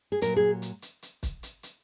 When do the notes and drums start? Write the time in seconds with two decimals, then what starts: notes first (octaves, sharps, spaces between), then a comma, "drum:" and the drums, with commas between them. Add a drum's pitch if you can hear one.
0.12 G#4
0.21 A#2 F#3 A#4, drum: hi-hat
0.36 G#4
0.62 drum: hi-hat
0.82 drum: hi-hat
1.02 drum: hi-hat
1.23 drum: kick, hi-hat
1.43 drum: hi-hat
1.63 drum: hi-hat